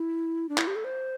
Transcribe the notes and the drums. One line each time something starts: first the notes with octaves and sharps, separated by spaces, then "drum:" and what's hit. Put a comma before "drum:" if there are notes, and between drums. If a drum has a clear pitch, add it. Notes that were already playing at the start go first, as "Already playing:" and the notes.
Already playing: E4
D4
E4, drum: clap
G4
A4
C5